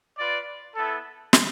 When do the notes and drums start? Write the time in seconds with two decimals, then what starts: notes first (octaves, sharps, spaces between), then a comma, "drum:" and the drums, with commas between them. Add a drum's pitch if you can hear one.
0.18 F4 B4 D5
0.75 B3 E4 A4
1.33 drum: snare